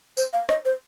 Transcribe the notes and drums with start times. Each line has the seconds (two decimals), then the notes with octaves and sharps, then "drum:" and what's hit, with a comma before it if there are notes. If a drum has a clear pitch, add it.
0.17 C5, drum: tambourine
0.33 F5
0.49 D#5, drum: rim click
0.65 C5